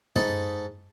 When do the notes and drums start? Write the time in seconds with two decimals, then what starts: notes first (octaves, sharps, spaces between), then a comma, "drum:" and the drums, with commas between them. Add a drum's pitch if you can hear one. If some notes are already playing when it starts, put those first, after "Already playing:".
0.16 G#2 D#4 A4 A5 B5, drum: tom